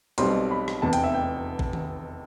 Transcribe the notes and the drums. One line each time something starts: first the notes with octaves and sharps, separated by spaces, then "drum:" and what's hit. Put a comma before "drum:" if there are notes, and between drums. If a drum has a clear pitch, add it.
B1 B2 G3 C4 C6, drum: hi-hat
B5
drum: rim click
F1 E2 C3 E3 A5
G5, drum: hi-hat
E5
G5
drum: kick A1
drum: tom D#3